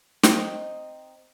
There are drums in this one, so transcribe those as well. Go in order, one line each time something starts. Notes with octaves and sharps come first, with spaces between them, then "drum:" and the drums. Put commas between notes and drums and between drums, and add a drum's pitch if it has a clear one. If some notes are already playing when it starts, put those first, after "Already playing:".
C4 D#4 D#5, drum: snare